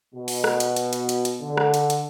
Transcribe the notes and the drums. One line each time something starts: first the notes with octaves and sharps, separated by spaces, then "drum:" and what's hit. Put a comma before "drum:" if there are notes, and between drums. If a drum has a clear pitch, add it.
B2
drum: open hi-hat
drum: rim click
drum: hi-hat
drum: hi-hat
drum: hi-hat
drum: hi-hat
drum: hi-hat
D3
drum: rim click
drum: hi-hat
drum: hi-hat